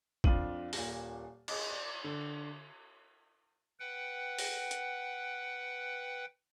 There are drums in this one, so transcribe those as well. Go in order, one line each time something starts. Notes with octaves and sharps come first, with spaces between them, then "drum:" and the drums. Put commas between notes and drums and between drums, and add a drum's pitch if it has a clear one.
F2 D4 F4 D#7 F#7, drum: kick
D#1 A#2, drum: open hi-hat
G#4 D#5, drum: cymbal
D5
D3
B4 F#5 G5
drum: open hi-hat
drum: hi-hat